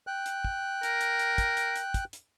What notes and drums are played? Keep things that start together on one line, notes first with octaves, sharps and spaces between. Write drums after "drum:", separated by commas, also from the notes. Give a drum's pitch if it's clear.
G5 F#6
drum: hi-hat
drum: kick
A#4, drum: hi-hat
drum: hi-hat
drum: hi-hat
drum: kick, hi-hat
drum: hi-hat
drum: hi-hat
drum: kick, hi-hat
drum: hi-hat